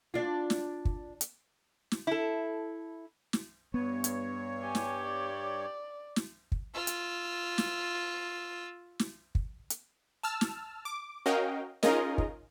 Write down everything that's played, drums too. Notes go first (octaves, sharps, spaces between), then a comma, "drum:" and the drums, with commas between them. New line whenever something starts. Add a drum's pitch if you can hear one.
D4 F4
drum: snare
drum: kick
drum: hi-hat
drum: snare
E4 A4
drum: snare
G2 B3 C#5
drum: hi-hat
G4 G#5
drum: snare
D5
drum: snare
drum: kick
F4 E6
drum: hi-hat
drum: snare
drum: snare
drum: kick
drum: hi-hat
A5 E6 F6
drum: snare
D6
C#4 F#4 A#4 D#5 F5 G5
C#4 D#4 F4 G#4 A#4 D#5, drum: snare
drum: kick